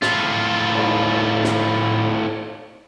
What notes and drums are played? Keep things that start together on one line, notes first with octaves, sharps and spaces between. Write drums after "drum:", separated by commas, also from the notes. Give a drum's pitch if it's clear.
A2 F4, drum: snare
drum: cymbal
drum: snare